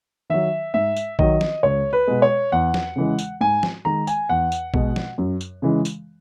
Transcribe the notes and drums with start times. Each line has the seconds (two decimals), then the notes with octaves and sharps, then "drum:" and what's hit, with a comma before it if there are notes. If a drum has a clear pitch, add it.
0.30 D#3 F#3 E5
0.74 G#2 E5
0.97 drum: tambourine
1.19 D#3 F#3 D#5, drum: kick
1.41 drum: snare
1.63 C#2 C#5
1.93 B4
2.07 B2 G#3
2.22 C#5
2.52 E2 F#5
2.74 drum: snare
2.96 C#3 E3 G#3
3.19 drum: tambourine
3.41 G#2 G#5
3.63 drum: snare
3.85 D#3 G#3 A#5
4.07 G#5, drum: tambourine
4.29 E2 F#5
4.52 drum: tambourine
4.74 B2 G#3, drum: kick
4.96 drum: snare
5.18 F#2
5.41 drum: tambourine
5.62 C#3 E3 G#3
5.85 drum: tambourine